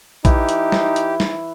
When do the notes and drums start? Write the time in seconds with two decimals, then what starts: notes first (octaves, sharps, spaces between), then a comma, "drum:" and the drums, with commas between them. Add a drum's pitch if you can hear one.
0.25 E3 D#4 G4 E5, drum: kick, hi-hat
0.49 drum: hi-hat
0.72 drum: snare
0.96 drum: hi-hat
1.20 drum: snare